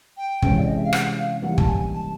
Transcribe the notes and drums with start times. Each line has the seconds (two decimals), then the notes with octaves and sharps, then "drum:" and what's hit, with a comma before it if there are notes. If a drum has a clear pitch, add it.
0.17 G5
0.42 C3 E3 G#3 C#4, drum: kick
0.59 D5
0.67 D#5
0.76 E5
0.84 F5
0.93 F#5, drum: rim click
1.17 F5
1.42 E3 G3 A#3 D#4 F#5
1.58 A5, drum: kick
1.68 G#5
1.93 A5